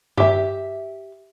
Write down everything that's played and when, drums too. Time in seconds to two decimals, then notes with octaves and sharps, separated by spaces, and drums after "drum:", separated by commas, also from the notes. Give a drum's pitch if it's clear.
0.17 G4 E5, drum: tom G2